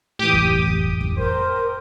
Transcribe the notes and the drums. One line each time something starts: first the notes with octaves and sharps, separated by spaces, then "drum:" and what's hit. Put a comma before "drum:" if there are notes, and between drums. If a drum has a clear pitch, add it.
A2 E3 G4 D6 D#6
drum: kick F2
drum: kick F2
drum: kick F2
A#4 C5